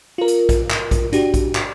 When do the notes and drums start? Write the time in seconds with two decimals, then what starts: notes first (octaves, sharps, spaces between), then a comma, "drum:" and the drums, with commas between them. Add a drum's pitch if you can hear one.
0.18 F4 A#4
0.28 drum: hi-hat
0.49 drum: kick A#1, hi-hat
0.70 drum: clap
0.91 drum: kick A#1, hi-hat
1.13 D4 F#4 G4, drum: hi-hat
1.34 drum: kick A#1, hi-hat
1.55 drum: clap